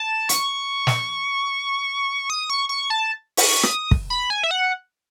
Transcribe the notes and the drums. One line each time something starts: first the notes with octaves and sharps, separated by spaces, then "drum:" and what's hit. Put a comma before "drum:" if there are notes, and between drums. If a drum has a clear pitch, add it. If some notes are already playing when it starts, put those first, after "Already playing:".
Already playing: A5
C#6, drum: hi-hat
drum: snare
D#6
C#6
C#6
A5
C#6, drum: open hi-hat
D#6, drum: rim click
drum: kick
B5
G#5
E5
F#5